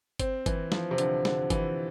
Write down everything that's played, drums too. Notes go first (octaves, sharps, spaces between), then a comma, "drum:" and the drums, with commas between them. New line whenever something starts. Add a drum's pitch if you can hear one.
C4, drum: kick G1, hi-hat
E3, drum: kick G1, hi-hat
F3, drum: snare
C3
D3, drum: hi-hat
D3, drum: snare
E3, drum: kick G1, hi-hat